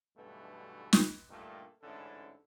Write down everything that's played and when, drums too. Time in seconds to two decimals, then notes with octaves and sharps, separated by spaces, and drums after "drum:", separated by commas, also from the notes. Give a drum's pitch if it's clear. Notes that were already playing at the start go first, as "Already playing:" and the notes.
0.17 B1 G2 B2 D3 E3 A3
0.93 drum: snare
1.30 G2 A#2 D3 D#3 A3
1.83 A1 G#2 D3 C#4 E4 A4